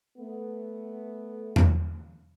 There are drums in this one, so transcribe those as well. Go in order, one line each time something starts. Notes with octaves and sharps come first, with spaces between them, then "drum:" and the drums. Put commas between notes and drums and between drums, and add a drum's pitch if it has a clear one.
A3 B3
drum: tom E2